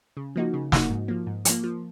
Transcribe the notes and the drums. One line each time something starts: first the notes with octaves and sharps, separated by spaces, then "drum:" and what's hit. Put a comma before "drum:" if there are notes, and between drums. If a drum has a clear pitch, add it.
C#3
F3 A#3 D#4 F#4
C#3
F3 A#3 D#4 F#4, drum: snare
G#2
F3 A#3
G#2
F3 A#3, drum: hi-hat
F3